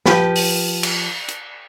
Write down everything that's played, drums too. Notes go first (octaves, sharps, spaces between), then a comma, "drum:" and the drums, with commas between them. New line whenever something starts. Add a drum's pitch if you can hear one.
F3 G4 B4, drum: snare
drum: open hi-hat
drum: cymbal
drum: hi-hat